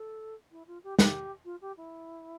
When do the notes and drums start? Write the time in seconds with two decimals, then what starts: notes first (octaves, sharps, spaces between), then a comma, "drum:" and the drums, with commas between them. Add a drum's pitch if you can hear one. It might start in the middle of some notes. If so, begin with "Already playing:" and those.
Already playing: A4
0.52 E4
0.67 F4
0.84 G4
0.99 G4, drum: snare
1.45 F4
1.61 G4
1.77 E4